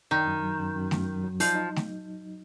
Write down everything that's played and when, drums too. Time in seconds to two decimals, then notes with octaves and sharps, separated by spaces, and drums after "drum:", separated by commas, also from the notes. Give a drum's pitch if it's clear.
0.11 F#2 D#3
0.27 F#2
0.43 F#3
0.60 F#2
0.76 F#2
0.91 F#2, drum: snare A3
1.08 F#3
1.24 F#3
1.40 F3 D#4, drum: open hi-hat
1.55 D#4
1.76 drum: snare A3